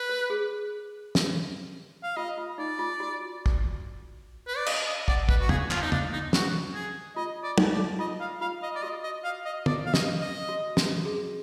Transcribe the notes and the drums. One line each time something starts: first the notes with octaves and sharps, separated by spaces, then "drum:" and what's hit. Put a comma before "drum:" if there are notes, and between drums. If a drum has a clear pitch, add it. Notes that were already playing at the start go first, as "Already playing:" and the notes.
Already playing: B4
A#4
G#4
drum: snare
F5
F4 D#5
F4
D#4 D5
F4
F#4
drum: kick
B4
D5
D#5 F5, drum: cymbal
D#5
D5 F#5, drum: kick
B4, drum: kick
F#4
G#4 F5, drum: tom
F4, drum: clap
D#4 F5
D4, drum: tom
D#4
F#4, drum: snare
G#4
F4 D#5
D5
D#4, drum: tom
D5
F4 D#5
F5
F4 F5
D#5
D5
F#4 D#5
D#5
F5
D#5
D5, drum: tom
F5
D#5, drum: snare
D#5
F#4
F#4, drum: snare
G#4